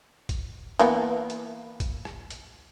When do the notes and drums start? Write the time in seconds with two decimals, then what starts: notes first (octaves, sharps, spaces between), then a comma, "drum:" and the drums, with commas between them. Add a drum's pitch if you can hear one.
0.29 drum: kick, hi-hat
0.79 E3 A#3 B3, drum: hi-hat
1.30 drum: hi-hat
1.80 drum: kick, hi-hat
2.05 drum: rim click
2.30 drum: hi-hat